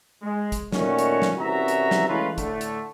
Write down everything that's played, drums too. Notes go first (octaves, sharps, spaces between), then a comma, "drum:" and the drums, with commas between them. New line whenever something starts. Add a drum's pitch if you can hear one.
G#3
drum: kick, hi-hat
A#2 D#3 A3 C#4 F#4, drum: snare
drum: hi-hat
drum: snare
C2 E3 C#4 F#4 E5 A#5
drum: hi-hat
drum: snare
E3 G#3 A3 C#4 F4 B4
A2 D3 A3, drum: kick, hi-hat
drum: hi-hat